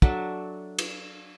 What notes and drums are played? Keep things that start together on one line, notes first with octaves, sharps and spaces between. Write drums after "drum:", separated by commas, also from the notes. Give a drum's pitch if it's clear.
F#3 D4 A4 E5, drum: kick
drum: cymbal